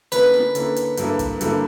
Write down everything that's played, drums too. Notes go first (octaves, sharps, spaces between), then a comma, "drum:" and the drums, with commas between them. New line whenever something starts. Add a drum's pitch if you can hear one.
D3 A#3 C#4 E4 B4, drum: hi-hat
drum: snare
D3 A#3 C#4 E4, drum: hi-hat
drum: hi-hat
G2 D3 F#3 A#3 E4, drum: hi-hat
drum: kick, hi-hat
G2 D3 F#3 A#3 E4, drum: hi-hat